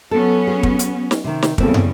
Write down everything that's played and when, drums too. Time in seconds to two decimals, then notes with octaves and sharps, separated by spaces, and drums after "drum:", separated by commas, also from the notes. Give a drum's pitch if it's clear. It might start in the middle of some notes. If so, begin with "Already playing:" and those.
0.11 F#3 B3 C#4 A4
0.47 G#4
0.63 drum: kick
0.79 drum: hi-hat
1.11 drum: snare
1.24 C3 D#3
1.42 drum: snare
1.58 E2 C#3 G3 A#3 C4 A4, drum: kick
1.74 drum: tom